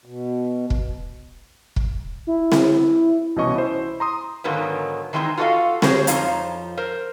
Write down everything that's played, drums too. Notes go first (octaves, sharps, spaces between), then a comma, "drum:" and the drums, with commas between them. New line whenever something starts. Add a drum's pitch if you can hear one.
B2
drum: kick
drum: kick
E4
drum: snare C4
C2 B2 E3 C#4 D#5 C#6
E4 C5
A#5 C6 D#6
G#2 D3 D#3 F#3 A#3 B3
D#3 E3 G#3 B3 C4 D#4
F4 F#4 A4 B4 D#5 F5
F#4 G#4 C5 C#5, drum: snare C4
F2 F3 D#4 C#5 F5 A#5, drum: hi-hat
A#4 C5